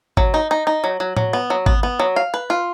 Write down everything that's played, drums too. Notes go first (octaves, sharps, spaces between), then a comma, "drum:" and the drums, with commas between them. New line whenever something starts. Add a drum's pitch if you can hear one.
F#3, drum: kick G#1
D#4
D#4
D#4
F#3
F#3
F#3, drum: tom A2
B3
F#3
B3, drum: kick G#1
B3
F#3
F5
B4
F4